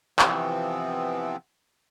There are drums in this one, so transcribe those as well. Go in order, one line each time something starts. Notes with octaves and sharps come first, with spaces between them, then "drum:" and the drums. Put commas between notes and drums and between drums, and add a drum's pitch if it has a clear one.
C3 E3 F3 B3 C4, drum: clap